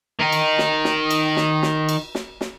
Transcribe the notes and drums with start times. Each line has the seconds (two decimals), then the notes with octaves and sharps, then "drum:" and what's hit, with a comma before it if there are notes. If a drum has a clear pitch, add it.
0.19 D#3 D#4
0.32 drum: cymbal
0.58 drum: snare
0.85 drum: snare
1.11 drum: cymbal
1.37 drum: snare
1.63 drum: snare
1.89 drum: cymbal
2.15 drum: snare
2.41 drum: snare